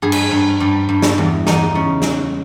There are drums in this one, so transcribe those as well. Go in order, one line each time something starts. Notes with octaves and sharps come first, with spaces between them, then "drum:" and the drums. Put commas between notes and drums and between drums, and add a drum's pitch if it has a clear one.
G2 G#4
drum: cymbal
G2
G2
G2
drum: snare
E2
E2 D#4, drum: snare
C#3
drum: snare